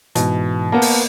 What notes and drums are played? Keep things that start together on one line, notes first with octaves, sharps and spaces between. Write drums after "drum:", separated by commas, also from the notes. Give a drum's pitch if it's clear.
G#2 B2 E3, drum: hi-hat
A#3 B3 A5
drum: open hi-hat